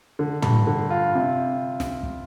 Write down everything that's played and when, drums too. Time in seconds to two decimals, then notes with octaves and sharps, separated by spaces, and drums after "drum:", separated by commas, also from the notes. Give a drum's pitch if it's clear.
0.19 D3
0.42 G2, drum: tom
0.67 D3
0.90 F4
1.15 C3
1.80 drum: snare
2.03 drum: kick